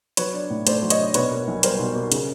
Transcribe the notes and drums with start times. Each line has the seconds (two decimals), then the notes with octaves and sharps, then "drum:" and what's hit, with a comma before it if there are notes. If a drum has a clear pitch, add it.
0.17 F#3 B4 C#5, drum: hi-hat
0.33 D4
0.50 A2
0.67 A3 C5 D5, drum: hi-hat
0.82 F#3
0.90 C#5 D#5, drum: hi-hat
0.99 D4
1.14 B2 B4 C#5, drum: hi-hat
1.32 A#3
1.48 B1
1.63 G3 A#4 C5, drum: hi-hat
1.79 B2
1.95 A#3
2.12 C#3, drum: hi-hat